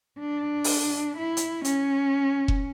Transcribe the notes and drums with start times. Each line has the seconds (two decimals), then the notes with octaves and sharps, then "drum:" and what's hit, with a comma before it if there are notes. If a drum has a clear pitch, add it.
0.20 D4
0.64 drum: open hi-hat
1.17 E4
1.37 drum: hi-hat
1.65 C#4, drum: hi-hat
2.48 drum: kick F1